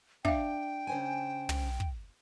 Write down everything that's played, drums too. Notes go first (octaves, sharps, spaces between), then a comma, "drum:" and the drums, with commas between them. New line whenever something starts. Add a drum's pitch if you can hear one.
D4 E5 F5 G5, drum: kick
C#3 C5 G#5
drum: tom
drum: kick